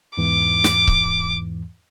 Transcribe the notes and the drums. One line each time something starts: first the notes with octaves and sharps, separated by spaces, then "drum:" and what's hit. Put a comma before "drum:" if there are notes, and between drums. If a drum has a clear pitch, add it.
E2 G#2 E3 D6
drum: snare
drum: kick C#1